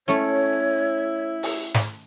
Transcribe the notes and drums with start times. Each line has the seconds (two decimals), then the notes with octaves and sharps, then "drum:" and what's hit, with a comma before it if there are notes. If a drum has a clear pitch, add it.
0.08 A3 C#4 E4 C#5
1.43 drum: open hi-hat
1.74 drum: snare